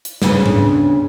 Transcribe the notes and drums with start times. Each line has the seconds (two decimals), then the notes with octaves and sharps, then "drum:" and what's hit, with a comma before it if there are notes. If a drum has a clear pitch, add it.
0.05 drum: hi-hat
0.22 D2 C#3 B3, drum: snare
0.46 drum: tom G#2